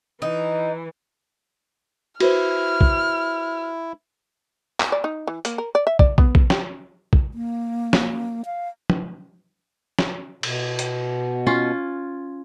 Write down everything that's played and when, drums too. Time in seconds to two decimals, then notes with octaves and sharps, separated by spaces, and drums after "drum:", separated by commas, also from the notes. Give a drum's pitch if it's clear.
0.22 E3 D#4
2.20 E4 F#4 B4 C5 F6, drum: cymbal
2.81 drum: kick
4.80 drum: clap
4.92 D5
5.04 D#4
5.27 E3
5.45 A#3, drum: hi-hat
5.58 A#4
5.75 D5
5.87 E5
5.99 D5, drum: kick
6.18 B3, drum: kick
6.35 drum: kick
6.50 G4, drum: snare
7.13 drum: kick
7.34 A#3
7.93 drum: snare
8.45 F5
8.90 drum: tom
9.99 drum: snare
10.43 B2, drum: cymbal
10.79 drum: hi-hat
11.47 C#4 F4